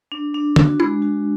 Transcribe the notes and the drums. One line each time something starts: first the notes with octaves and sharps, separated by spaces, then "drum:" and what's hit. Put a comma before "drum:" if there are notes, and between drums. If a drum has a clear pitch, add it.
D4
D4
F#4, drum: tom D3
G#3 E4
F#4